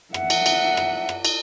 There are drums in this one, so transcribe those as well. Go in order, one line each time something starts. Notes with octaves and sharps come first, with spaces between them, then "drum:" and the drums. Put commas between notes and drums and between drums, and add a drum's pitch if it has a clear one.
E5 F#5, drum: rim click
drum: cymbal
drum: cymbal
drum: rim click
drum: rim click
drum: cymbal